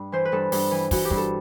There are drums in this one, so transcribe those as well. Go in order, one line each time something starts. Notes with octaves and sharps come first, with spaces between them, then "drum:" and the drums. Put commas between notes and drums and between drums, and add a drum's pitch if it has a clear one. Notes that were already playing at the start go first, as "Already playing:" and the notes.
Already playing: G2
E3 C5
B4
G2 A4
G2, drum: open hi-hat
E3
E3 F#4, drum: kick, open hi-hat
G4
G2, drum: kick
A4